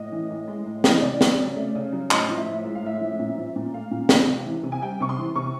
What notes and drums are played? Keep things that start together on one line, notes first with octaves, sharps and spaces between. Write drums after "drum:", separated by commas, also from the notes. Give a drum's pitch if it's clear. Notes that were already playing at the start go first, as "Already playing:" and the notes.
Already playing: A2 D#5
E3
A2
G#3
A2
E3, drum: snare
D#5
C#3 D5
F#3, drum: snare
C#3
A3
C#3
F#3
A2 D#5, drum: clap
F3
E5
A2
G#3 E5
F5
A2 E5
F3
A#2
F3
A#2
A3 F5
A#2
F3, drum: snare
C3
E3
C3
G#5
G3 G5
C3 C#6
C6
E3
C3 C#6